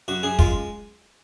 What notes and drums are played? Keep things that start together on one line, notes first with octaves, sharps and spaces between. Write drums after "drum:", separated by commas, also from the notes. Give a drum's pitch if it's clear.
F#2 F#4
F#2 G#4
G#3 F4, drum: kick